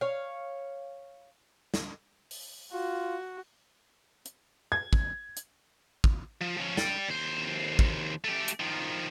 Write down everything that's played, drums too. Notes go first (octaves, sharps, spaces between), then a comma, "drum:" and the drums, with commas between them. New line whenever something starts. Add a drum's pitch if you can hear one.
C#5 F5
drum: snare
drum: open hi-hat
F4 F#4
drum: hi-hat
G#6
drum: kick
drum: hi-hat
drum: kick
F3
F3 C#4
D5 G5, drum: snare
D#2 C5
drum: kick
A3 G4
drum: hi-hat
D#3 F3